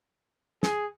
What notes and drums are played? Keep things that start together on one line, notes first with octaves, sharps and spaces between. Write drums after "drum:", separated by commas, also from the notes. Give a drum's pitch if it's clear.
G#4, drum: snare